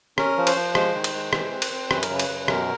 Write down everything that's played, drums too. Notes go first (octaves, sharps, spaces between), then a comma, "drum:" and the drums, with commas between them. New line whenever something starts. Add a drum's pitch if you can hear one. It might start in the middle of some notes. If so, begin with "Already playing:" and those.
C#4 A#4, drum: rim click
F3
C5, drum: cymbal
F3
G#3 C5, drum: rim click
D#3
drum: cymbal
G#3
E3, drum: rim click
C4
drum: cymbal
C4
F#2 B4, drum: rim click
A#4, drum: cymbal
C#3 B4
drum: cymbal
F#2
B2 A#4, drum: rim click